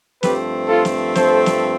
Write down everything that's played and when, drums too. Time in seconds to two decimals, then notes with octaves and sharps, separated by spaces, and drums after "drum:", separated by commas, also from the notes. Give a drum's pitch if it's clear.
0.23 G2 F3 A3 C4 G4 B4, drum: snare
0.69 F4 A4
0.85 drum: snare
1.15 A4 C5, drum: snare
1.46 drum: snare